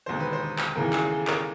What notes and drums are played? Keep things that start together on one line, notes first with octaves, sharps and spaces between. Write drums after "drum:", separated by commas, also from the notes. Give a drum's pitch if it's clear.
E1 D#2 D3 C5
B4
C5
drum: clap
D#2 C#3 E3 A#4
G#4, drum: clap
A4
A#4, drum: clap